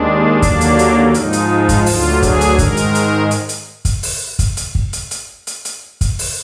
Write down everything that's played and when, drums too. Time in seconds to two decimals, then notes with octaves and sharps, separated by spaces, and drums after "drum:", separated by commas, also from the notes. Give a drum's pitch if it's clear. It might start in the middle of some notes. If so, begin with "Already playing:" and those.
Already playing: D#2 D#3 G#3 D4
0.42 D#2 D3 F#3 A#3, drum: kick, hi-hat
0.61 drum: hi-hat
0.79 drum: hi-hat
1.14 G#2 F3 G#3 D#4, drum: hi-hat
1.33 drum: hi-hat
1.69 drum: kick, hi-hat
1.86 D2 D3 F#3 F4, drum: open hi-hat
2.23 G#4, drum: kick, hi-hat
2.41 drum: hi-hat
2.58 G#2 D#3 G#3 A#4, drum: kick, hi-hat
2.77 drum: hi-hat
2.95 drum: hi-hat
3.31 drum: hi-hat
3.49 drum: hi-hat
3.85 drum: kick, hi-hat
4.03 drum: open hi-hat
4.39 drum: kick, hi-hat
4.57 drum: hi-hat
4.75 drum: kick
4.93 drum: hi-hat
5.11 drum: hi-hat
5.47 drum: hi-hat
5.65 drum: hi-hat
6.01 drum: kick, hi-hat
6.19 drum: open hi-hat